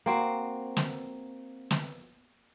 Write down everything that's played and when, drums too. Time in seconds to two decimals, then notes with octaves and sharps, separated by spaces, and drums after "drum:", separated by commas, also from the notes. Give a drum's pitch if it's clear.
0.06 A#3 C4 F#4
0.77 drum: snare
1.71 drum: snare